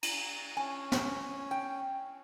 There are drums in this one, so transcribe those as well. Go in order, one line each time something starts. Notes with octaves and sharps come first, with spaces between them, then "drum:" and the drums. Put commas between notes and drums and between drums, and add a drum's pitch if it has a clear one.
A#5, drum: cymbal
C#4 G#5
drum: snare
G5